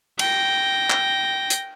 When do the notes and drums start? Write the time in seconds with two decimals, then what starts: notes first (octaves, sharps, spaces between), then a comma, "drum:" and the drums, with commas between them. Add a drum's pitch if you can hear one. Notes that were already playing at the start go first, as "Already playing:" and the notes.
0.19 G5 A#6, drum: cymbal
0.90 drum: clap
1.50 drum: hi-hat